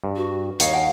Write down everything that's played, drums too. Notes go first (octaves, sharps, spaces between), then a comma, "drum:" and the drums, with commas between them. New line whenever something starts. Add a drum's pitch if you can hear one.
G2
F#4
D#2 C#5 D#5 F5 G5, drum: hi-hat
F#5 G#5